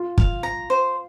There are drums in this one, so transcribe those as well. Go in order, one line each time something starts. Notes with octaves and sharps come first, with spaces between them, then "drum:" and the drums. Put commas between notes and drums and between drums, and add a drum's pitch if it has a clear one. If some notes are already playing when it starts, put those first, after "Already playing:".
Already playing: F4
F5, drum: kick
A#5
C5